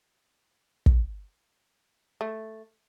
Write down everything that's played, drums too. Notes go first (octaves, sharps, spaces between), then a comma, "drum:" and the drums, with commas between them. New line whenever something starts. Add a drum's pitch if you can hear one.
drum: kick
A3